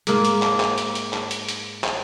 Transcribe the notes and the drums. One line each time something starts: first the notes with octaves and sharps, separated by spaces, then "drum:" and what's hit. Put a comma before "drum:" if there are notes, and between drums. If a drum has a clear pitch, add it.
G#2 A#3, drum: hi-hat
drum: hi-hat
drum: clap
drum: clap
drum: hi-hat
drum: hi-hat
drum: clap
drum: hi-hat
drum: hi-hat
drum: clap